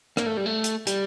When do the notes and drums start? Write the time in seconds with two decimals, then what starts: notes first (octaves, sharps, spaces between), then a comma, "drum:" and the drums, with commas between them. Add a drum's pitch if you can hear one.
0.17 A#3, drum: rim click
0.26 A3
0.37 G3
0.46 A3
0.64 drum: hi-hat
0.87 G3, drum: hi-hat